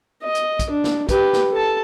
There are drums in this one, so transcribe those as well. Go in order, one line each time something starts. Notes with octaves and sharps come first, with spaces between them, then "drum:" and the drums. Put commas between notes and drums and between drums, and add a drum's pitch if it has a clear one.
D#5
drum: hi-hat
drum: kick, hi-hat
D4
drum: snare
G4 B4, drum: kick, hi-hat
drum: snare
A4 A5